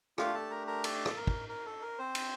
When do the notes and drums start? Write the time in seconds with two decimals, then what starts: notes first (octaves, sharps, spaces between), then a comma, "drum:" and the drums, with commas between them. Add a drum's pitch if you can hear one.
0.18 A3 D4 F4 G4 F5, drum: rim click
0.34 A4 A5
0.51 A#4 A#5
0.67 A#4 A#5
0.84 A4 A5, drum: cymbal
1.06 drum: rim click
1.17 A#4
1.27 drum: kick
1.49 A#4
1.66 A4
1.82 A#4
1.98 C4 C5
2.15 drum: cymbal